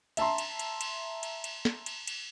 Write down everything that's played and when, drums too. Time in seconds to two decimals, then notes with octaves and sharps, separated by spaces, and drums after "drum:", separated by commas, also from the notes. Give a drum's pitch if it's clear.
0.17 E5 A5 A#5 C6, drum: cymbal
0.38 drum: cymbal
0.60 drum: cymbal
0.81 drum: cymbal
1.23 drum: cymbal
1.44 drum: cymbal
1.65 drum: snare
1.86 drum: cymbal
2.07 drum: cymbal